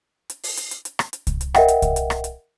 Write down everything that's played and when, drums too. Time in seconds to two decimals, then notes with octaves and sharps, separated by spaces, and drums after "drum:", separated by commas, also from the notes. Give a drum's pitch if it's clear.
0.30 drum: hi-hat
0.43 drum: open hi-hat
0.57 drum: hi-hat
0.71 drum: hi-hat
0.85 drum: hi-hat
0.99 drum: rim click
1.13 drum: hi-hat
1.27 drum: kick C2, hi-hat
1.41 drum: hi-hat
1.55 A#4 D#5 E5 F#5 G5, drum: rim click
1.68 drum: hi-hat
1.82 drum: kick C2, hi-hat
1.96 drum: hi-hat
2.10 drum: rim click
2.24 drum: hi-hat